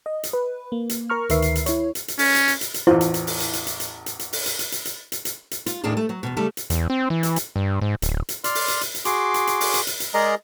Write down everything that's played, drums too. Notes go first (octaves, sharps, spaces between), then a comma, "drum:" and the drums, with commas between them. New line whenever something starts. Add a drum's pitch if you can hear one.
D#5
drum: hi-hat
B4
A#3
drum: hi-hat
A#4 A#5 C#6 F6
D2 D#3 A#4 B4 E5 C7, drum: hi-hat
drum: hi-hat
drum: hi-hat
E4 C#5, drum: hi-hat
drum: hi-hat
drum: hi-hat
C#4, drum: open hi-hat
drum: hi-hat
drum: hi-hat
drum: hi-hat
drum: hi-hat
A1 E2 E4 F4 C5
drum: hi-hat
drum: hi-hat
drum: open hi-hat
drum: hi-hat
drum: hi-hat
drum: hi-hat
drum: hi-hat
drum: hi-hat
drum: hi-hat
drum: open hi-hat
drum: hi-hat
drum: hi-hat
drum: hi-hat
drum: hi-hat
drum: hi-hat
drum: hi-hat
drum: hi-hat
F4, drum: hi-hat
D#2 A2 A#3 D4 G#4
A3
F#3
E2 G#2 B2
C#3 G3 A3 A4
drum: hi-hat
E2, drum: hi-hat
C4
E3
drum: hi-hat
drum: hi-hat
G2
G#2
D1, drum: hi-hat
drum: hi-hat
D5 C6 F6, drum: hi-hat
drum: open hi-hat
drum: hi-hat
drum: hi-hat
drum: hi-hat
F#4 G#4 C6 D6, drum: hi-hat
drum: hi-hat
drum: hi-hat
drum: open hi-hat
drum: hi-hat
drum: hi-hat
drum: hi-hat
G#3 G#4 A#4 D5 D#5 A#5